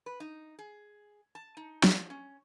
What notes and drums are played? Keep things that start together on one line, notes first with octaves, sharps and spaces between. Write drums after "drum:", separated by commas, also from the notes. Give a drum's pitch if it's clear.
B4
D#4
G#4
A5
D#4
F3, drum: snare
C#4